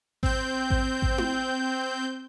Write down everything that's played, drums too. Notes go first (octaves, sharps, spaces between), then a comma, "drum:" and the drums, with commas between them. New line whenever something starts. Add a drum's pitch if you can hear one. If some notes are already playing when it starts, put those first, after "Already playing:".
C4 G6, drum: kick A1
drum: kick A1
drum: kick A1
drum: tom E4